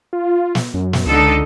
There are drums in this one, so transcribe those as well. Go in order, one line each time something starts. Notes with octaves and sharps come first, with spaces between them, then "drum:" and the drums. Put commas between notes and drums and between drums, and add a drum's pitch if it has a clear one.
F4
drum: snare
F#2
drum: snare
C#2 D3 D#4 A4